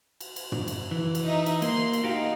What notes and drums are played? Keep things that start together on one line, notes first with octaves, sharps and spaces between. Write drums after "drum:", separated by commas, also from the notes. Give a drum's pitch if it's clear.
drum: cymbal
drum: cymbal
drum: tom
drum: cymbal
E3
drum: cymbal
D#4 E5
drum: cymbal
A#3 C6, drum: cymbal
drum: cymbal
D#4 F#4 G4 F5